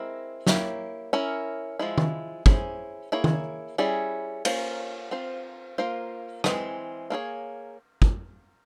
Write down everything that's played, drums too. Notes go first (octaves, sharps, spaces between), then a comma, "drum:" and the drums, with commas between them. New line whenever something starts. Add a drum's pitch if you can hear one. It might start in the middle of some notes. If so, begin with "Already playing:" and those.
Already playing: G#3 C4 E4 A#4
A#3 E4 G4 C#5, drum: snare
C#4 E4 A#4
F3 G#3 E4
drum: tom
C#4 E4 G#4 C5, drum: kick
A#3 E4 G#4 C#5
drum: tom
G3 C#4 E4 G#4
A#3 C#4 F4 C5, drum: cymbal
C4 F4 C5
A#3 F4 C5
E3 G#3 C4, drum: rim click
A#3 F4 G#4 C#5
drum: kick